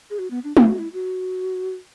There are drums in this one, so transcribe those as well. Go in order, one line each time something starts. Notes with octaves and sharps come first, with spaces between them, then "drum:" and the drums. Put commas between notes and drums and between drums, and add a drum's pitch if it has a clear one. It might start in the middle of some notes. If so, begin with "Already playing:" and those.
G#4
F#4
B3
D4
E4, drum: tom
F#4
E4
F#4